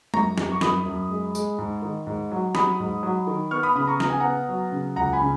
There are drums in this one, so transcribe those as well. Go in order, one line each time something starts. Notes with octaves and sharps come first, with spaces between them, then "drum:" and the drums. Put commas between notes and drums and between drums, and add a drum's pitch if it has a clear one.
F#2 A#5 C#6, drum: tom G#3
F#2, drum: snare
C#6
F#2 B5 D#6, drum: snare
F#2
G#3
G#3, drum: tambourine
G#2
D#3
G#2
F#3
F#3 B5 D#6, drum: snare
G#2
F#3
D#3
B3 C#6 F6
B5 D#6
C#3 B5 D#6
A#5 C#6
B3 A#5, drum: snare
G#5
B3 F#5 A#5
F#3
C#3
C#2 F#5 A#5
G#5 B5
C#3